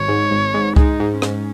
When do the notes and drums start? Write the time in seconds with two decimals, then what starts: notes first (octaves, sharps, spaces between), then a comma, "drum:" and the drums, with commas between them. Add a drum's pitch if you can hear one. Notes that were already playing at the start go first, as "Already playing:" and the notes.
Already playing: G#1 C#5
0.08 G#2
0.31 G#1
0.54 G#2
0.76 G#3 D#4, drum: kick C2
1.00 G#2
1.22 G#2 C#4, drum: rim click